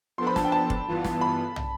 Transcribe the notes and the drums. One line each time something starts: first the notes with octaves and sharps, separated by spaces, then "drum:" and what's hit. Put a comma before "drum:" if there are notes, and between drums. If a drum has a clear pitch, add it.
F3 B3 D4 A4 C5 C6
B5
A5, drum: snare
G5
A5
drum: kick
G2 E3 B3 F4
drum: snare
B5
drum: tom